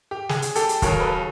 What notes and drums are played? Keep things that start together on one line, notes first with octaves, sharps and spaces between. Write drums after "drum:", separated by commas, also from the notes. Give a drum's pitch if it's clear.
G4
G#4, drum: snare
drum: hi-hat
G4 A4, drum: hi-hat
drum: hi-hat
D#2 C#3 F#3 G#4 A#4, drum: kick, hi-hat
A4 B4